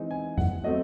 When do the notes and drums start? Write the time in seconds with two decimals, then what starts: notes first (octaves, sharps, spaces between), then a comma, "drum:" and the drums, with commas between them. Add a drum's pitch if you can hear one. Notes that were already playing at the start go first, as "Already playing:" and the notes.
Already playing: E3 G#3 C4 D#4
0.11 G#5
0.38 F#5, drum: tom F2
0.64 F#3 A3 C4 D#5